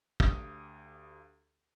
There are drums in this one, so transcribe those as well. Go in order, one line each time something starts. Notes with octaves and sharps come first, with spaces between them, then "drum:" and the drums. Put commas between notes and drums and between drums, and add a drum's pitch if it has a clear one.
D2 G4 F5 D#6, drum: kick